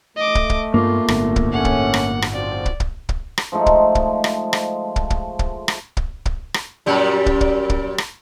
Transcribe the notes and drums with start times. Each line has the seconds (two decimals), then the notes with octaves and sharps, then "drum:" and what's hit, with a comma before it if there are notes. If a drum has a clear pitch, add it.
0.16 A3 D#5 D6
0.35 drum: kick
0.50 drum: kick
0.74 G2 A#3 B3 F4
1.08 G1 A2 B3, drum: rim click
1.36 drum: kick
1.52 A3 C#4 F#5
1.65 drum: kick
1.94 drum: rim click
2.22 drum: rim click
2.33 F3 C4 F#4 D5
2.66 drum: kick
2.80 drum: kick
3.09 drum: kick
3.38 drum: rim click
3.52 F3 G#3 A3 D#4
3.66 drum: kick
3.95 drum: kick
4.24 drum: rim click
4.53 drum: rim click
4.96 drum: kick
5.10 drum: kick
5.39 drum: kick
5.68 drum: rim click
5.97 drum: kick
6.26 drum: kick
6.54 drum: rim click
6.86 F#2 A#2 G3
7.26 drum: kick
7.41 drum: kick
7.70 drum: kick
7.98 drum: rim click